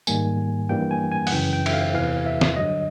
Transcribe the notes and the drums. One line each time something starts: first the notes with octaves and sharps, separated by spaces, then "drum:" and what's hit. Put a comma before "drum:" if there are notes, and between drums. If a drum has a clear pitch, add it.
G#2 D#3 G3 A#3 G#5, drum: tambourine
G2 E3 G3 A#3 G5
G#5
G#5
F#5, drum: open hi-hat
F#2 C#3 E3 G5
G5
E5, drum: cymbal
F5
E2 C3 E3 F5
E5
drum: snare
G2 D3 F#3 D#5